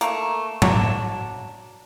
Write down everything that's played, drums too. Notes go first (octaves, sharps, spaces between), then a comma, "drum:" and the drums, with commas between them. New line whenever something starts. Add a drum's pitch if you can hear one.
A3 A#3, drum: hi-hat
F#3 D4, drum: tom G#2